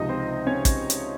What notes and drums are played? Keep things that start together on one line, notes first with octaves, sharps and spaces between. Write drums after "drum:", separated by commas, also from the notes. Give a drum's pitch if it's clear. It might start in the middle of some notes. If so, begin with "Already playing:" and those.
Already playing: C#2 C3 F3 D#4 D#5
C4 C5
C#4 C#5
drum: kick, hi-hat
drum: hi-hat